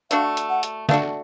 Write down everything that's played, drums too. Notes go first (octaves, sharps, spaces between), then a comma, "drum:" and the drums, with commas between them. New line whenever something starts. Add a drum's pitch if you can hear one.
A3 D4 F#4 F5, drum: hi-hat
drum: hi-hat
F#5
drum: hi-hat
A3 D4 F#4 F5, drum: snare